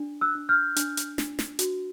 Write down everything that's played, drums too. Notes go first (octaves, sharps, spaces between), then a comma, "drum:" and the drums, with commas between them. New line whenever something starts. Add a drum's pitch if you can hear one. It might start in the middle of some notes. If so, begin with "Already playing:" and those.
Already playing: D4
E6 F#6
D4
F6 G6
D4, drum: hi-hat
drum: hi-hat
D4, drum: snare
drum: snare
F#4, drum: hi-hat